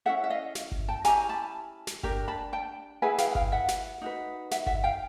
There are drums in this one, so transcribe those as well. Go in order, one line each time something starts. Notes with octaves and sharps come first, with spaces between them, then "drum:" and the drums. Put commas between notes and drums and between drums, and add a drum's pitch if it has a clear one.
C#4 E4 A4 E5 F#5
E5
D#5 F5
drum: snare
drum: kick G1
G5 A5
C#4 E4 G4 G#5 A#5, drum: snare
A5 B5
drum: snare
D4 G4 A#4, drum: kick G1
A5 B5
G5 A5
E4 G#4 B4 F#5 G#5
F5 G5, drum: snare
F#5
F5 G5, drum: kick G1
E5 F#5
drum: snare
D#4 F#4 B4
E5 F#5, drum: snare
E5 F#5, drum: kick G1
F5 G5